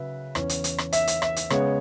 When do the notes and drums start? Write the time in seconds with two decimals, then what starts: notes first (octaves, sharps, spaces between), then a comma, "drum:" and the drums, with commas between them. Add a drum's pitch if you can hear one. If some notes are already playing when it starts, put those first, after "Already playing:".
Already playing: C#3 F#3 B4 E5
0.35 E2 E3 C#4, drum: rim click
0.49 drum: hi-hat
0.64 drum: hi-hat
0.78 drum: rim click
0.93 E5, drum: hi-hat
1.07 drum: hi-hat
1.22 E5, drum: rim click
1.36 drum: hi-hat
1.50 C#3 G#3 B3 C#5, drum: rim click